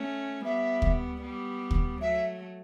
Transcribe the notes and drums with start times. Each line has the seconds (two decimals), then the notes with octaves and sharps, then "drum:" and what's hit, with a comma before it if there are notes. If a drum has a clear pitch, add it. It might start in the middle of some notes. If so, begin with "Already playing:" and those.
Already playing: A3 C#4
0.45 G3 B3 E5
0.82 drum: kick
1.23 G3 B3
1.71 drum: kick
2.01 F#3 A3 E5